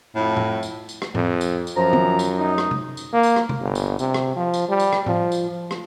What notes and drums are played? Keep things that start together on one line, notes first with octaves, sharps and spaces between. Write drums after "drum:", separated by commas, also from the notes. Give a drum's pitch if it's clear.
F2 A2
drum: tom A2
drum: tambourine
drum: tambourine
drum: rim click
F2, drum: tom A2
drum: tambourine
drum: tambourine
F#2 F3 A#5
drum: tom
drum: tambourine
D#4
drum: rim click
drum: tom
drum: tambourine
A#3
drum: tambourine
drum: rim click
drum: tom
G1
drum: tambourine
C3, drum: tambourine
drum: rim click
F3
drum: tambourine
G3
drum: tambourine
drum: rim click
F3, drum: tom A2
drum: tambourine
F3
drum: rim click